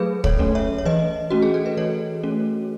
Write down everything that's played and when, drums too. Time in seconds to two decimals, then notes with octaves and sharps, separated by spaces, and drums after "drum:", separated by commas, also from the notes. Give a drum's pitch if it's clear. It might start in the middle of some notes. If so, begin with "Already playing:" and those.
Already playing: F#3 A3 G#4 A4 B4
0.24 A4 C#5, drum: kick
0.39 A3 C#4
0.55 C#5 E5
0.78 C#5
0.85 E3 B4 D#5
1.30 A3 C#4 F#4
1.42 G#4
1.54 A4
1.66 B4
1.77 E3 A4 C#5
2.23 A3 C#4